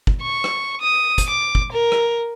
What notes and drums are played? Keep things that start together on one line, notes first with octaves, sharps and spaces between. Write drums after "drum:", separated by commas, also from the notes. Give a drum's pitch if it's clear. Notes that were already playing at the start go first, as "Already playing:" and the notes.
drum: kick
C#6
drum: rim click
D#6
drum: kick, hi-hat
D6
drum: kick
A#4
drum: rim click